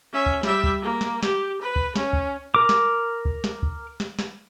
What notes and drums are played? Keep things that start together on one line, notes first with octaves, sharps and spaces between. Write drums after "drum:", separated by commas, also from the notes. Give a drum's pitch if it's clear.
C#4 E5
drum: kick C#2
G3 E5, drum: snare
drum: kick C#2
A#3
drum: snare
G4, drum: snare
B4
drum: kick C#2
C#4, drum: snare
drum: kick C#2
A#4 D6
drum: snare
drum: kick C#2
drum: snare
drum: kick C#2
drum: snare
drum: snare